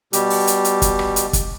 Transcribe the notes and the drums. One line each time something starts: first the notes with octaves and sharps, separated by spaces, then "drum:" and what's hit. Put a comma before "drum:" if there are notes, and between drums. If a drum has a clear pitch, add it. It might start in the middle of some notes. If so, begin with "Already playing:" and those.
B2 G3 G4, drum: hi-hat
drum: open hi-hat
drum: hi-hat
drum: hi-hat
drum: kick, hi-hat
drum: rim click
drum: hi-hat
drum: kick, hi-hat